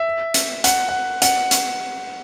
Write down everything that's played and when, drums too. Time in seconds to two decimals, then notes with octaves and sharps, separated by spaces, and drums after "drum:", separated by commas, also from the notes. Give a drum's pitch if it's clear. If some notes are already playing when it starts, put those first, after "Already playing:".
Already playing: E5
0.34 drum: hi-hat
0.64 F#5, drum: hi-hat
0.89 F#5
1.22 F#5, drum: hi-hat
1.51 drum: hi-hat